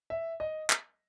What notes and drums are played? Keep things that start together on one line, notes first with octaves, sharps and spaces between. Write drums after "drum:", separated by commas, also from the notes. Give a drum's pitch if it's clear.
E5
D#5
drum: clap